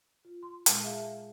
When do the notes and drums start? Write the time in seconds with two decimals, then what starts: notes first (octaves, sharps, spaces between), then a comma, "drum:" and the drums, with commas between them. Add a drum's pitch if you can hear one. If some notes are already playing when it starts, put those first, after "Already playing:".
0.25 F4
0.43 C6
0.66 A#2 G#3, drum: hi-hat
0.83 G#4 E5 F5 A5